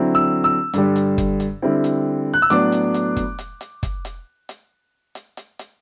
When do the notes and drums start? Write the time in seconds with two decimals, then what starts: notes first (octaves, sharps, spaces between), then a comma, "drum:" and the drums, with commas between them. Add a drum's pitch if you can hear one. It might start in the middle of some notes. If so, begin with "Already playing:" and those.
Already playing: D3 F#3 C4 E4
0.15 E6
0.44 E6
0.74 G2 D3 G3, drum: hi-hat
0.96 drum: hi-hat
1.18 drum: kick, hi-hat
1.40 drum: hi-hat
1.62 D3 G3 C4 E4
1.84 drum: hi-hat
2.34 F#6
2.42 E6
2.50 A2 F#3 B3 D4 D6, drum: hi-hat
2.72 drum: hi-hat
2.94 drum: hi-hat
3.16 drum: kick, hi-hat
3.39 drum: hi-hat
3.61 drum: hi-hat
3.83 drum: kick, hi-hat
4.05 drum: hi-hat
4.49 drum: hi-hat
5.15 drum: hi-hat
5.37 drum: hi-hat
5.59 drum: hi-hat